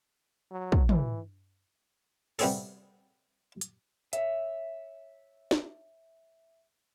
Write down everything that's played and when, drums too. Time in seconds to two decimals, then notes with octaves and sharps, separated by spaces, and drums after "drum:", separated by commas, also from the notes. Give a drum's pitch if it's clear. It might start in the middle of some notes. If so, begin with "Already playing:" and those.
0.51 F#3
0.72 drum: kick
0.89 E3, drum: tom
2.39 C3 G3 B3 C4 G#4 A4, drum: open hi-hat
3.61 drum: hi-hat
4.13 C#5 E5, drum: hi-hat
5.51 drum: snare